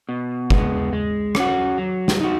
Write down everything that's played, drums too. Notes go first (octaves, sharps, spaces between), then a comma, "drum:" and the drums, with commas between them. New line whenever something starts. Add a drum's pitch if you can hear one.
B2
G#3 B3, drum: kick F#1
G#3
C#4 F#4, drum: rim click
F#3
drum: snare
D#4 F#4